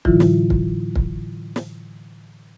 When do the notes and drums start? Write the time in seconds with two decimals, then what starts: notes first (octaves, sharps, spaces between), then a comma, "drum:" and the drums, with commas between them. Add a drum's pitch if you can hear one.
0.05 A2 D3 E3 F#3 E4 F4, drum: kick
0.20 drum: snare
0.50 drum: kick
0.95 drum: kick
1.56 drum: snare